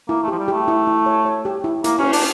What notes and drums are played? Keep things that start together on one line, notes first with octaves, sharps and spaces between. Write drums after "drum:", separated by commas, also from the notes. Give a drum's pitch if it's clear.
A#3 E4
A3
F3 G4
G3
A3 G4
E4
E4
C#5
C#5
G4
E4
A#3 E4, drum: hi-hat
C#4, drum: cymbal
E4
D4, drum: open hi-hat